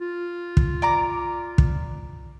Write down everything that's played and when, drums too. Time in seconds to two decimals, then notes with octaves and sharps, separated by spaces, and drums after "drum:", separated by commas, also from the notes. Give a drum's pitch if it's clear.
0.01 F4
0.57 drum: kick
0.82 D5 A#5 D6
1.58 drum: kick